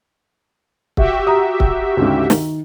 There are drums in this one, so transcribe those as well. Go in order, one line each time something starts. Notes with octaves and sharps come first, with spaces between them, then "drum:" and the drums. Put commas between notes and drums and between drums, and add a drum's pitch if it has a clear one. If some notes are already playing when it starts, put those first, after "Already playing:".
F#4 G4 E5, drum: kick
A#5 D#6
drum: kick
D2 G#2 C#3
D#3, drum: snare